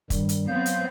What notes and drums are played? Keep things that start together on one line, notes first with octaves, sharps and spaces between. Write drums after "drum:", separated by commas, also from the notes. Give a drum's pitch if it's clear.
G2 D#3 G3, drum: kick, hi-hat
drum: hi-hat
F#3 B3 C4 F5 G6
drum: hi-hat